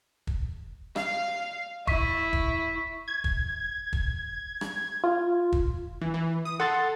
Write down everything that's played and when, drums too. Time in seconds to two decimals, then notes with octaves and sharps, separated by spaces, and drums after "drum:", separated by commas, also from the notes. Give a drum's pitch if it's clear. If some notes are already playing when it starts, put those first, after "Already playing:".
0.27 drum: kick
0.96 F5, drum: rim click
1.87 E4 C#6 B6, drum: kick
2.33 drum: kick
3.08 G#6
3.24 drum: kick
3.93 drum: kick
4.61 drum: rim click
5.04 F4
5.52 drum: kick
6.01 E3
6.14 E3
6.45 D#6
6.60 A4 F#5 C6 A6